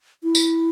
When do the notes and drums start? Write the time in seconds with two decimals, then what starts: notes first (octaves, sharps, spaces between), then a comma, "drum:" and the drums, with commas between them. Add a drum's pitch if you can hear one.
0.23 E4
0.35 drum: tambourine